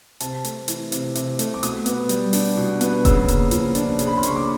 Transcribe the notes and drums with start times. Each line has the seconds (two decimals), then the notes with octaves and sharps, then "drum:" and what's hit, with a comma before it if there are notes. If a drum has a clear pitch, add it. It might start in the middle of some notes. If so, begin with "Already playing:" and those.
0.20 C3 A5, drum: hi-hat
0.44 A3, drum: hi-hat
0.68 E3, drum: hi-hat
0.92 C3, drum: hi-hat
1.15 C3, drum: hi-hat
1.39 A3, drum: hi-hat
1.54 D6
1.63 B2 D#6, drum: hi-hat
1.86 B3, drum: hi-hat
2.09 G3, drum: hi-hat
2.33 D4, drum: open hi-hat
2.57 B2
2.81 B3, drum: hi-hat
3.05 C#3 E6, drum: kick E1, hi-hat
3.28 A#3, drum: hi-hat
3.51 F3, drum: hi-hat
3.75 D4, drum: hi-hat
3.99 C#3, drum: hi-hat
4.07 B5
4.17 C6
4.23 A#3 C#6, drum: hi-hat
4.36 D6